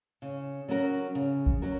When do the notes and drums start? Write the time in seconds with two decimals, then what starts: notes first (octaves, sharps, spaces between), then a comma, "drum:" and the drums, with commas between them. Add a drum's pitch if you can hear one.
0.22 C#3
0.68 F#3 C#4 F#4 A#4
1.15 C#3, drum: hi-hat
1.46 drum: kick A1
1.62 F#3 C#4 F#4 A#4